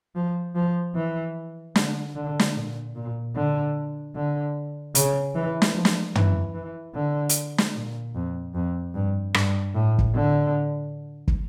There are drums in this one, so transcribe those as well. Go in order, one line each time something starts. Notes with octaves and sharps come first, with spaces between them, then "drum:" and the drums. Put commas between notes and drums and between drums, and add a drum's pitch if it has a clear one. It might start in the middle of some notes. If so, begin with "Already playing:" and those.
F3
F3
E3
D3, drum: snare
D3
drum: snare
A#2
A#2
D3
D3
C#3, drum: hi-hat
E3
drum: snare
F3
drum: snare
E3, drum: tom
E3
D3
drum: hi-hat
drum: snare
A#2
F2
F2
G2
G2, drum: rim click
A2
drum: kick
D3
drum: kick